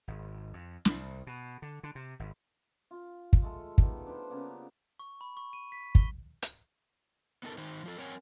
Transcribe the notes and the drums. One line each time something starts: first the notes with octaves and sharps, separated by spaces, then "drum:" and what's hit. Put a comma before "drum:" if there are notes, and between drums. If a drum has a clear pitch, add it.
G#1
F2
C2, drum: snare
B2
D3
D3
C3
G#1
F4
drum: kick
G#3 A3 A4
D#3 G3 B3, drum: kick
D4 B4 C5
C#3 A#3 B3 D4
C#6
B5
C#6
D#7
B6
G7, drum: kick
drum: hi-hat
B3 D#4 F4 A4 A#4
D#3 D#4 C5
F3 F4 A4
C4 A#4 C#5 F#5 G#5